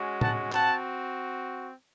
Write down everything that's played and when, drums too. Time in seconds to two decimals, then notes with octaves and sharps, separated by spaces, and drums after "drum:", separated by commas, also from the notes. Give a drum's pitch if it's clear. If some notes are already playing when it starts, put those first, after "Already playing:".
Already playing: G#3 C#4 F#4
0.21 F#5 A5, drum: tom A2
0.52 C4 F#4 F#5 A5, drum: clap